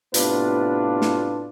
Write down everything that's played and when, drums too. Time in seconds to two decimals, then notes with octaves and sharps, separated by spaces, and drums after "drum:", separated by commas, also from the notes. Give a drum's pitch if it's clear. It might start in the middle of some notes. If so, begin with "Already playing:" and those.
0.14 A2 C3 B3 D4 F4 B4, drum: hi-hat
1.02 drum: snare